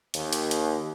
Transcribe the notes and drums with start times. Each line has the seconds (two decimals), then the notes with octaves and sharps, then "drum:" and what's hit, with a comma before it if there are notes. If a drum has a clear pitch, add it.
0.14 D#2, drum: hi-hat
0.33 drum: hi-hat
0.51 drum: hi-hat